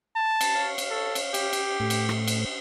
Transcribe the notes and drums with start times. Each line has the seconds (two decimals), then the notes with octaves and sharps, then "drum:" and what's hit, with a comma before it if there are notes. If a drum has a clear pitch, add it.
0.16 A5
0.41 drum: cymbal
0.55 C#5 F5
0.78 drum: cymbal
0.90 A4
1.15 drum: cymbal
1.34 G4, drum: cymbal
1.53 drum: cymbal
1.80 A2 A3
1.90 drum: cymbal
2.09 drum: rim click
2.28 drum: cymbal